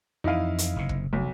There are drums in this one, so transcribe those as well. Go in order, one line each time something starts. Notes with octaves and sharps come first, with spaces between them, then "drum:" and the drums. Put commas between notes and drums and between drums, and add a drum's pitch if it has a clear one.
F2 E3 D#4 E4 F5
drum: hi-hat
F#1 C3
drum: kick
F1 B1